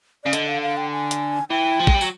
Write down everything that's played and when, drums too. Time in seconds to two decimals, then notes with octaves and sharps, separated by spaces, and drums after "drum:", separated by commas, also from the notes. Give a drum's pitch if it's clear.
0.24 C#3 D5
0.33 D3 D#5, drum: hi-hat
0.48 F5
0.62 F5
0.77 G5
0.92 G#5
1.11 drum: hi-hat
1.50 E3 G5
1.79 F3
1.87 G#3, drum: kick
1.94 G3
2.01 F#3, drum: tambourine